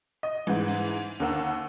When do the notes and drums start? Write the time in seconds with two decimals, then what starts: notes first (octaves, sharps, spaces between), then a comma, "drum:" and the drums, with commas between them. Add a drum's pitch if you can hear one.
0.23 D#5
0.47 G#2 E3, drum: tom G3
0.68 drum: cymbal
1.20 D#2 D3 A#4 F#5 E6